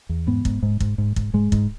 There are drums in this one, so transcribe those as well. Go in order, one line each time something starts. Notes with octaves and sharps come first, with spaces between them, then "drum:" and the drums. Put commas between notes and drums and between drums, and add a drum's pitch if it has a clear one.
E2
G#2 B3
G#2, drum: kick
G#2
G#2, drum: kick
G#2
G#2, drum: kick
G#2 G#3
G#2, drum: kick